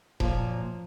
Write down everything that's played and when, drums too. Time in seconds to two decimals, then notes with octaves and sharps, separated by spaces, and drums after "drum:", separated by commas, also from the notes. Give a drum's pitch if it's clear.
0.20 F#2 A#2 F3, drum: kick E1